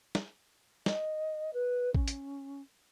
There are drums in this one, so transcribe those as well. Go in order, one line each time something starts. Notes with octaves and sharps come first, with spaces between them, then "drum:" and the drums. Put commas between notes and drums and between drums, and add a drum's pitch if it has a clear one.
drum: snare
D#5, drum: snare
B4
C#4, drum: kick A1
drum: hi-hat